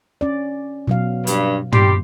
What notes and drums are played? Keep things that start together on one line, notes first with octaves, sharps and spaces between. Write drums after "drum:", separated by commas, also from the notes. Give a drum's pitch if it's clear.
C#4 D5
B2 F#3 F5
G2, drum: hi-hat
A#2 G3 G4 C6, drum: tom